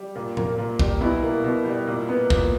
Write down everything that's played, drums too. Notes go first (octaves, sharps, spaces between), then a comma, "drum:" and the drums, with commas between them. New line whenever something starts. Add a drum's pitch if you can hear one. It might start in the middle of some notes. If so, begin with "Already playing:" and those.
Already playing: G3
A#2
A#3, drum: tom A2
A#2
G3, drum: kick
B2 E4
A#3
B2
G3
A#2
B3
A#2, drum: kick